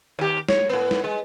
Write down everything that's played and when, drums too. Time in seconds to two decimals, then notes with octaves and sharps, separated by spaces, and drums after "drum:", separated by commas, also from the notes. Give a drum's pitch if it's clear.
0.19 D#2 G4
0.49 C#5, drum: snare
0.69 A2 B3
0.91 drum: snare
1.04 G#3